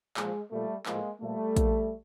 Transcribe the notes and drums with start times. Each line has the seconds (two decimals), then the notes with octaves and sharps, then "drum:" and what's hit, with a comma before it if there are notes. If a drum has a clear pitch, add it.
0.17 A#2 F3 G#3, drum: clap
0.51 A#2 F3 G3 A3
0.86 A2 F3 G#3 A#3, drum: clap
1.21 A#2 F3 G3 A3
1.56 A#2 F3, drum: kick A#1, hi-hat